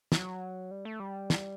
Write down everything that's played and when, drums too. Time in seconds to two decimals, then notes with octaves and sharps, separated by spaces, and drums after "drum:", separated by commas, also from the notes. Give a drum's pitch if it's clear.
0.12 F#3, drum: snare
0.71 G3
0.85 A3
1.00 G3
1.30 drum: snare